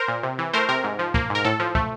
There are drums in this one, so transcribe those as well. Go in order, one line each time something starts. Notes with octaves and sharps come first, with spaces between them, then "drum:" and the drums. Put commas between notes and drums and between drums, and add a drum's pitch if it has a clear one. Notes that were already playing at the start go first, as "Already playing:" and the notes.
Already playing: A#4 C5
A#2
C3
E3
A3 A#4 C5
C3 A#4
G#2
F3
A#3, drum: kick
G#2
A#4
A2 A4
F3
A3, drum: kick